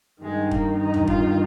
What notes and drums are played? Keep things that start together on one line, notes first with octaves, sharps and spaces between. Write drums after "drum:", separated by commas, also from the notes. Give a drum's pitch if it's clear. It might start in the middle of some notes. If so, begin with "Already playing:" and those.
G2 D#3 G#3
A#3, drum: kick E1
D#4
drum: tom
F4, drum: kick E1